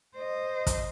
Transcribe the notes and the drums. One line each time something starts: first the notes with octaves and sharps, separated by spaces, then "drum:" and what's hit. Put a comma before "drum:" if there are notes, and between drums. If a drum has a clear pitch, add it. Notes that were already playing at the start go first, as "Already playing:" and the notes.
C5 D#5
drum: kick, hi-hat